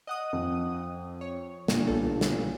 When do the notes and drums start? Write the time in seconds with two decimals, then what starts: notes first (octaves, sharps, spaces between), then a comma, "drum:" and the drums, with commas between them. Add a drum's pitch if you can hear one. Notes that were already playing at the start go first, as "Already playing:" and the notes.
0.07 D#5 F#5 D#6
0.33 F2
1.21 C#5
1.68 G1 A#2, drum: snare
1.87 B1 A4
2.21 drum: snare